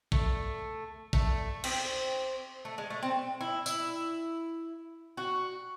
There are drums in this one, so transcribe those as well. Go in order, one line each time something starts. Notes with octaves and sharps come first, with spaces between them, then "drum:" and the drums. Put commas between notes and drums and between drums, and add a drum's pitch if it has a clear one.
A3, drum: kick A1
A3, drum: kick A1
C4, drum: cymbal
A3
G#3
A3
C4
E4
E4, drum: tambourine
F#4